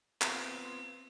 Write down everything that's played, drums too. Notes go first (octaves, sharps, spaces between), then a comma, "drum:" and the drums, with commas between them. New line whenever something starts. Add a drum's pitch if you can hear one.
B3 C4 F4, drum: clap